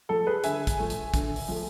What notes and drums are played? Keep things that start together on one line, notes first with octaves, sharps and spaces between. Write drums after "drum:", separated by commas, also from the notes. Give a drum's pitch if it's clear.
F3 A3 A4
G#4 B4
D3 E5 G#5, drum: hi-hat
drum: kick, hi-hat
F3 A3
drum: hi-hat
D3, drum: kick, hi-hat
drum: open hi-hat
F3 A3